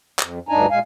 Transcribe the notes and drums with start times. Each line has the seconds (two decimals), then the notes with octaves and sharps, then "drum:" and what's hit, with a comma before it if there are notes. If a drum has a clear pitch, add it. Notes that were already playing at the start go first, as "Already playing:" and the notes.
0.19 F2, drum: clap
0.49 D2 G2 D4 D#4 G#5 A#5
0.71 A#2 G#3 F5 G#5